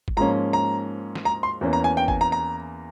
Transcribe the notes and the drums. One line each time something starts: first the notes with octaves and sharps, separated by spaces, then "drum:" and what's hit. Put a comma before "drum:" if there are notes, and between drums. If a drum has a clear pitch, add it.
drum: kick
G#2 F3 A#3 C#4 A#5
A#5
drum: snare
A#5
C6
E2 E3 A#3 C#4
A#5
G#5
G5
G#5, drum: kick
A#5
A#5